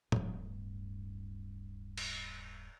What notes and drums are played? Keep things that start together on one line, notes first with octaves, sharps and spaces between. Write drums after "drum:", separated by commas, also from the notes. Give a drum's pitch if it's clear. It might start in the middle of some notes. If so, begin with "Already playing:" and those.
D1 G2, drum: tom
drum: cymbal